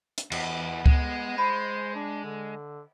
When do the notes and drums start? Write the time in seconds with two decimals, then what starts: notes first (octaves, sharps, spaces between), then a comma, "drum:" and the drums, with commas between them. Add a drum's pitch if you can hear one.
0.18 drum: hi-hat
0.32 E2 B3, drum: cymbal
0.86 G#3, drum: kick C#2
1.38 C5 B5
1.95 D4
2.24 D3